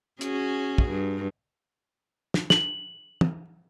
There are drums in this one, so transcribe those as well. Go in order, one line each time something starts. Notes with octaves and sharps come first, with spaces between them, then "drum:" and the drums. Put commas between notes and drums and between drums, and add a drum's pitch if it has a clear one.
C#4 F#4 G#4, drum: hi-hat
drum: kick
G2
drum: snare
F#7, drum: snare
drum: tom